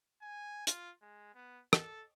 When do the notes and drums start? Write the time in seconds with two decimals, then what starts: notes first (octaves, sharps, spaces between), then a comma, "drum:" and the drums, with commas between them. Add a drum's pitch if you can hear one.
0.22 G#5
0.67 F4, drum: hi-hat
1.02 G#3
1.34 B3
1.73 A4, drum: rim click